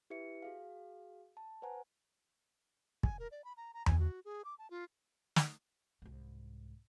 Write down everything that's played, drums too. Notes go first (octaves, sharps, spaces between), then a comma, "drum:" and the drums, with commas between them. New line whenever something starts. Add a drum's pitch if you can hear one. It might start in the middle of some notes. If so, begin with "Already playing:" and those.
E4 G4 B4 E5 C#7
F#4 G#4 F5
A5
B4 C5 F#5 G#5 A#5
G#5, drum: kick
A#4
D5
B5
A#5
A#5
G#5, drum: tom E2
F#4
G#4
D6
A5
F4
drum: snare
C2 G#2